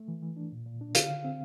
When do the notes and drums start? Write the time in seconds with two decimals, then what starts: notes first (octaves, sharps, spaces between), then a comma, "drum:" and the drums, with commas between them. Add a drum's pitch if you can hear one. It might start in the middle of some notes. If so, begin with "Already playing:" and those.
Already playing: A3
0.08 E3
0.22 E3
0.37 D4
0.52 A#2
0.66 A#2
0.81 D4
0.95 D3 F5, drum: hi-hat
1.10 D3
1.24 C4